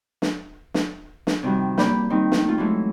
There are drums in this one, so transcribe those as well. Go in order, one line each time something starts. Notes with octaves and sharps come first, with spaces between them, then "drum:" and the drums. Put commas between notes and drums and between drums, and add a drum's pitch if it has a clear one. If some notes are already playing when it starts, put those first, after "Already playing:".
drum: snare
drum: snare
drum: snare
C3 D#3 F3 G3 F#4
A#3 D5 B5 G6, drum: snare
D#3 G3 C4 D#4
drum: snare
A3 F4
E3 F#3 G#3 A3 E4